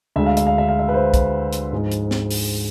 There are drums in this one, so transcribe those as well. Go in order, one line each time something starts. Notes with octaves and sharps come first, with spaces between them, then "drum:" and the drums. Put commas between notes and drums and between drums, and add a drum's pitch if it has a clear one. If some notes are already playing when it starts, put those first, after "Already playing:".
D2 D3 G#3 E5
F5
E5, drum: hi-hat
F5
E5
F5
E5
B4
C5
drum: kick, hi-hat
drum: hi-hat
G#2 F3 G#3
drum: hi-hat
drum: snare
drum: open hi-hat